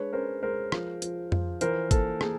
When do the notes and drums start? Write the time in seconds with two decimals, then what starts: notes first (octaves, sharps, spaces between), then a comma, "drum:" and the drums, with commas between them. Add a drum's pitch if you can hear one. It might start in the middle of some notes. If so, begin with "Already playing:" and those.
Already playing: G#3 D4 B4 C#5
0.13 C#4 A#4 C5
0.42 G#3 A#4 C5
0.72 F3, drum: rim click
1.02 F3, drum: hi-hat
1.32 F3, drum: tom F2
1.61 E3 A#4 C5, drum: hi-hat
1.91 A#3 A4, drum: kick, hi-hat
2.21 A#3 G#4, drum: rim click